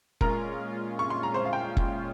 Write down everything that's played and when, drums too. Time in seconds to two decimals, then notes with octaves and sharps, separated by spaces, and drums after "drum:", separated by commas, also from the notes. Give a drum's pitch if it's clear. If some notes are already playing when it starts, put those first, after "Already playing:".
0.21 A#2 G#3 C#4 F4 A#4 A#5, drum: kick
0.99 C#6
1.10 C6
1.23 A#5
1.34 C5 C6
1.45 F5
1.53 G5
1.77 drum: kick